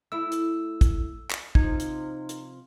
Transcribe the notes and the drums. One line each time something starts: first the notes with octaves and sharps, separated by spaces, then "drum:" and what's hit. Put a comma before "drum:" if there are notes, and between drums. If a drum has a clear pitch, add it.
A3 E4 E6
drum: hi-hat
drum: kick, hi-hat
drum: clap
C3 F3 D#4, drum: kick
drum: hi-hat
drum: hi-hat